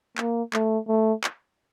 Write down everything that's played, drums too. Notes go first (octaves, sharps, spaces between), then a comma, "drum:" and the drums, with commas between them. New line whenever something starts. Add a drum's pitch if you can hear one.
A#3, drum: clap
A3, drum: clap
A3
drum: clap